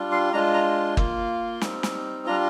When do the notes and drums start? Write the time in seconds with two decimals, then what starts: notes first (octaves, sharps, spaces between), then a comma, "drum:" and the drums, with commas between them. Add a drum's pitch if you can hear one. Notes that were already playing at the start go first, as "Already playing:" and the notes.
Already playing: G3 D4 F4
0.12 C6
0.33 G#3 D4 F4 A#5
0.54 A#5
0.97 A#3 F4, drum: kick
1.61 G3 C4 D#4, drum: snare
1.83 drum: snare
2.26 G3 D4 F4 A#5